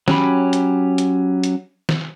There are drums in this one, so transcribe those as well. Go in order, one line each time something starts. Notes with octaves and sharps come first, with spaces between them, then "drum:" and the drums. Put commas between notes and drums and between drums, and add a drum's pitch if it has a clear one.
F#3 C#4 G4 B5, drum: snare D#3
drum: hi-hat
drum: hi-hat
drum: hi-hat
drum: snare D#3